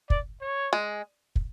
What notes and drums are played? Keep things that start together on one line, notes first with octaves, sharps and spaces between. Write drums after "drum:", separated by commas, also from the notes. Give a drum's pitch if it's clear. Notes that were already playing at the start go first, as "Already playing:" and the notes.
D5, drum: kick
C#5
G#3
drum: kick